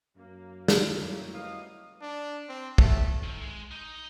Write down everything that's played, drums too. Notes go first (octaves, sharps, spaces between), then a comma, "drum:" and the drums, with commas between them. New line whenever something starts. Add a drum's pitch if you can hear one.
F#2 A#3
E4, drum: snare
G3 A3 A#3
B2 F5 D#6
D4
C4
A3, drum: kick
D#3
G#3
D#4 D#5